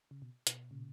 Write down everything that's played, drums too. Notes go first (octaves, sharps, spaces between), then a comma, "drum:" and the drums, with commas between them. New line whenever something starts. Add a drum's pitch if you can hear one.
C#3
B2
B2, drum: hi-hat
A#2 C#3